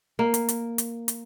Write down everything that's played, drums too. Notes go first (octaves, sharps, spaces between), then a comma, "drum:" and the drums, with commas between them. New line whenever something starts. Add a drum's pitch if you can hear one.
A#3
drum: hi-hat
drum: hi-hat
drum: hi-hat
drum: hi-hat